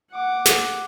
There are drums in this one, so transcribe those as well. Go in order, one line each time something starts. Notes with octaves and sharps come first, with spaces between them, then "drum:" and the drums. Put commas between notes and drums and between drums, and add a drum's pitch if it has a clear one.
F#5 D6
drum: snare